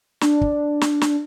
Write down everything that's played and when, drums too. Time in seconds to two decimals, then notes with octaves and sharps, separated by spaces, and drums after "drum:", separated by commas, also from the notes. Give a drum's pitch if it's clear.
0.21 D4, drum: snare
0.41 drum: kick
0.81 drum: snare
1.01 drum: snare